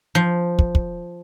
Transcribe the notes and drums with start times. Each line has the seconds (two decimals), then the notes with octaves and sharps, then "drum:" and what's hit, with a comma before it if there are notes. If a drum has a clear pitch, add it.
0.15 F3
0.59 drum: kick
0.75 drum: kick